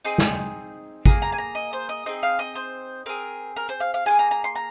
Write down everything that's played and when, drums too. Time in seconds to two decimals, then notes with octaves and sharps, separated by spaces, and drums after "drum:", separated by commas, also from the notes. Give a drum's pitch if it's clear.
0.04 C4 D#4 G#4 C6
0.18 drum: snare
1.06 A#3 G#4 A#5, drum: kick G#1
1.22 A#5
1.32 G#5
1.38 A#5
1.55 D#5
1.73 C5
1.89 D#5
2.06 C4 D#4 G#4 D#5
2.23 F5
2.39 D#5
2.55 C5
3.06 C4 G#4 A#4
3.56 A#4
3.69 C5
3.80 F5
3.94 F5
4.06 A#3 F4 G#4 G#5
4.19 A#5
4.31 A#5
4.44 C6
4.55 A#5